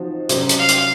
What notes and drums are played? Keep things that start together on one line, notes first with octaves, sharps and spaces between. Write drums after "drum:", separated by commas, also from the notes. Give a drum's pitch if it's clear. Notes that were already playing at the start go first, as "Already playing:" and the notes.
Already playing: F3 C4 D#4 F#4
C3 F#3 C#4 F#4 C5, drum: hi-hat
drum: hi-hat
F5
drum: hi-hat